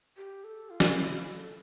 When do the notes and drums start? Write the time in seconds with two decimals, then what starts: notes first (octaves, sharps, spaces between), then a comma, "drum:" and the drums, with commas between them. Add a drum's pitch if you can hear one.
0.17 G4
0.44 A4
0.70 F4
0.80 drum: snare
0.95 E4
1.15 F4
1.34 A4